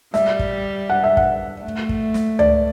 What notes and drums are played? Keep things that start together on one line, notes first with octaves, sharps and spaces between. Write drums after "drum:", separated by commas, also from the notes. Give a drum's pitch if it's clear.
G3 E5, drum: snare
drum: kick
F#5
E5
F#5, drum: kick
A3
drum: kick
drum: snare
D5, drum: tom C#2